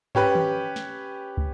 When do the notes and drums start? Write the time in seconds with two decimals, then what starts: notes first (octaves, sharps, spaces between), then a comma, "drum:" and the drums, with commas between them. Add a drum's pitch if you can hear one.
0.15 C#4 G4 B4, drum: tom
0.35 drum: tom D#3
0.76 drum: snare
1.37 drum: kick